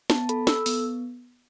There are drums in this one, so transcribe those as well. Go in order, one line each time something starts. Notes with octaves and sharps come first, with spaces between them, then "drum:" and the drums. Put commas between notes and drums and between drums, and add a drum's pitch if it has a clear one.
B3 A5, drum: snare
A4 B5, drum: hi-hat
A4 E6, drum: snare
B3, drum: open hi-hat